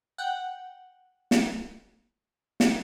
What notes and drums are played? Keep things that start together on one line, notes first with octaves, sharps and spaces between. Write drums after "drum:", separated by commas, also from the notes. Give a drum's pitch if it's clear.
F#5 G5
drum: snare
drum: snare